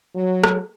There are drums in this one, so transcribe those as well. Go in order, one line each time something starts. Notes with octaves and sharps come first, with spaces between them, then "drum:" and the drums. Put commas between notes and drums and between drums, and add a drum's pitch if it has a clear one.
F#3
drum: rim click